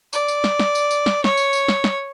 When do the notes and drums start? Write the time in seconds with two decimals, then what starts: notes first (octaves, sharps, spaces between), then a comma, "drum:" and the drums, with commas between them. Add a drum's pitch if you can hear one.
0.13 D5, drum: tambourine
0.28 drum: tambourine
0.44 drum: snare
0.59 drum: snare
0.75 drum: tambourine
0.91 drum: tambourine
1.06 drum: snare
1.24 C#5, drum: snare
1.37 drum: tambourine
1.53 drum: tambourine
1.68 drum: snare
1.84 drum: snare